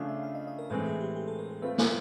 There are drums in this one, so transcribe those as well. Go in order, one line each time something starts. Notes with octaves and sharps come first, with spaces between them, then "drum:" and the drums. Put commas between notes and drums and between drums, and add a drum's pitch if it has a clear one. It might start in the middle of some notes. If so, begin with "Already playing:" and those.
Already playing: C#3 F3 A3 D4 F5
E5
F5
D#5
D#5
A#4
A2 E3 G#3 C4 A4
G#4
G4
G4
A4
A#4
A4
A3 C4 F4 B4
C5, drum: snare